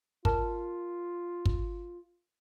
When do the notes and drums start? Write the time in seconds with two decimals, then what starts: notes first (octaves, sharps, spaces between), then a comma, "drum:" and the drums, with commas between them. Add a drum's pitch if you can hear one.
0.25 F4 A#4 A5, drum: kick
1.46 drum: kick